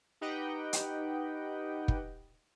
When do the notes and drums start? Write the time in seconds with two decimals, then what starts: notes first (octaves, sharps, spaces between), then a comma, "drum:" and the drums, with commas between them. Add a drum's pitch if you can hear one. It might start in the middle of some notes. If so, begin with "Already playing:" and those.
0.21 D#4 G4 B4 D#5 F#5 G5
0.73 drum: hi-hat
1.88 drum: kick